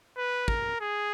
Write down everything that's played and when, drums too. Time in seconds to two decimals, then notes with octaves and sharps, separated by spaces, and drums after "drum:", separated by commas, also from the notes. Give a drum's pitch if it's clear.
0.17 B4
0.48 A#4, drum: kick
0.80 G#4